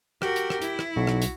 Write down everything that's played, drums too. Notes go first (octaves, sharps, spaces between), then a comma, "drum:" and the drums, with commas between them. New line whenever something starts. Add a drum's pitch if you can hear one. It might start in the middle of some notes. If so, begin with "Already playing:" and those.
F#4 G4 A#4, drum: rim click
drum: hi-hat
drum: rim click
E4, drum: hi-hat
drum: rim click
B1 F#4
drum: rim click
drum: hi-hat